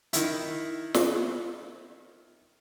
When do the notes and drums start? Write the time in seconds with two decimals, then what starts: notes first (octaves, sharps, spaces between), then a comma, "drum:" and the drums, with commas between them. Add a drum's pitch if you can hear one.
0.13 D#3 E4, drum: hi-hat
0.94 drum: snare